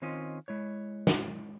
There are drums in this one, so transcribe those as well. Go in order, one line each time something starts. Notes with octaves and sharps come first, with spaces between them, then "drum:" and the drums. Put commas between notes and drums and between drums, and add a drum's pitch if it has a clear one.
D#3 C4 C#4 F4 D#5
G#3 E4 C#5
drum: snare